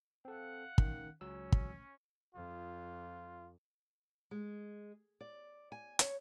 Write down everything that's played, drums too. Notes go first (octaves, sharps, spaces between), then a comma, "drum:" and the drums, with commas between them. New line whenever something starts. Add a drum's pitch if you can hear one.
C4 A4 F5 F#5
D#3 C#4, drum: kick
C#2 F#3 C#4 E6
drum: kick
F2 F4
G#3
D5
G#5
C#5, drum: hi-hat